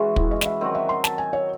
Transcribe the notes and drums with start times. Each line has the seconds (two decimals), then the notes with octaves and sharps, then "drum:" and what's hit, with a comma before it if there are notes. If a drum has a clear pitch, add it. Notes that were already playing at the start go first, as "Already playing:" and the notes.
Already playing: E3 G#3 C#4 F#4
0.16 E4, drum: kick
0.31 D#5
0.41 D#5, drum: snare
0.46 E5
0.61 D#3 F#3 C4
0.75 E5
0.89 C6
1.04 A5, drum: snare
1.18 G#5
1.33 C#5